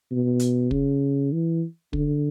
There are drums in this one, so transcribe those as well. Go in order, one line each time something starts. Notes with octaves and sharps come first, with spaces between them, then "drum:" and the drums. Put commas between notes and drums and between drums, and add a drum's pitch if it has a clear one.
B2
drum: hi-hat
C#3, drum: kick
E3
D3, drum: kick